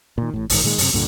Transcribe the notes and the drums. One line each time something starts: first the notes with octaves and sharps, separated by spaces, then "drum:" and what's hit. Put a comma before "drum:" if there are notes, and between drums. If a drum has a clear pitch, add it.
A#2 D#3
A1 A2
A#1 G#2 D#3, drum: open hi-hat
A#2 D#3 G#3
F#2 C3, drum: open hi-hat
C#2 G2 A#2 D3